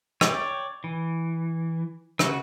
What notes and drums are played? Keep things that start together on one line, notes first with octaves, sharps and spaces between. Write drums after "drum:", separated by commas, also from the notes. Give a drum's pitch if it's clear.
C#5 D5 G5, drum: rim click
E3
C#3 F#4, drum: rim click